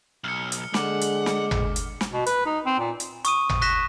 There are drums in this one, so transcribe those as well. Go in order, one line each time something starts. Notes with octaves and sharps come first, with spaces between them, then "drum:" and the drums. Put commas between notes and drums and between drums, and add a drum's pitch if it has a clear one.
B1 F6 C#7
drum: hi-hat
D3 G#3 F#5 D6, drum: snare
drum: hi-hat
drum: snare
drum: tom G#1
drum: hi-hat
drum: snare
B2
B4, drum: hi-hat
D#4
C4
A#2
drum: hi-hat
C#6 D#6 D#7, drum: hi-hat
drum: tom G#1
C#6 F#6 A#6 B6 E7